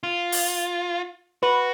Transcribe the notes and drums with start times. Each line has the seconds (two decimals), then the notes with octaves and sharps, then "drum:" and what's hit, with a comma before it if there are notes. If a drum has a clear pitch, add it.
0.03 F4
0.32 drum: open hi-hat
1.43 F#4 B4